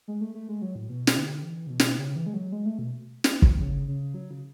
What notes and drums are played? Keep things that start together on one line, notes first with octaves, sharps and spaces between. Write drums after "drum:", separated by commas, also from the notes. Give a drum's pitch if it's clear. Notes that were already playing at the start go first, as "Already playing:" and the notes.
G#3
A3
A3
G#3
F#3
A2
B2
drum: snare
D3
E3
C#3
B2
drum: snare
C#3
E3
G#3
F#3
G#3
A3
B2
drum: snare
drum: kick
C#3
C#3
F#3
C#3